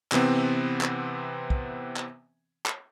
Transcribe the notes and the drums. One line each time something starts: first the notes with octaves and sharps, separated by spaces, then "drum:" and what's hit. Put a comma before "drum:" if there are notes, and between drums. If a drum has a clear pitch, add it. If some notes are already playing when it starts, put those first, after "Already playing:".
C3 E3 B3 C4, drum: clap
drum: clap
drum: kick
drum: clap
drum: clap